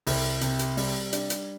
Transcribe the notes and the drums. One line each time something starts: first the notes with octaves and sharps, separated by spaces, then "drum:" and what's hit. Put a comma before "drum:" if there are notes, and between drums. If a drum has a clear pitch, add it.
C2, drum: open hi-hat
C3, drum: hi-hat
drum: hi-hat
G3, drum: open hi-hat
D4, drum: hi-hat
drum: hi-hat